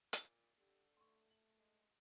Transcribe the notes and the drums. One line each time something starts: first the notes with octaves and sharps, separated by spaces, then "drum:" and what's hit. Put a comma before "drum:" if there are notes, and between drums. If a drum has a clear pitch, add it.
A#2, drum: hi-hat
D3 G4
A3 C6 C#6
F#7
G#3